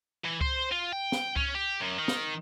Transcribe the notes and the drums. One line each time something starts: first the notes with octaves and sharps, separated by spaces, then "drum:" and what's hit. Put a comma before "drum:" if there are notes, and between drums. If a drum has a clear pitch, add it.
E3
C5, drum: kick C#2
F4
G5
drum: snare
C#4, drum: kick C#2
G4
F#2
D#3
drum: snare